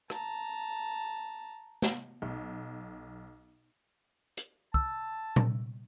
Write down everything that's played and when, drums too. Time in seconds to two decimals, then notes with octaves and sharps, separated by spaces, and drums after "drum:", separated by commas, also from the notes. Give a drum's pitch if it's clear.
0.10 A5 A#5, drum: rim click
1.82 drum: snare
2.22 B1
4.37 drum: hi-hat
4.74 A5 E6, drum: kick
5.36 drum: tom A#2